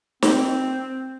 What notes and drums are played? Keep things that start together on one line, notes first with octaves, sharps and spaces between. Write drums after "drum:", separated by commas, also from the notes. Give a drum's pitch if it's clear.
C4, drum: snare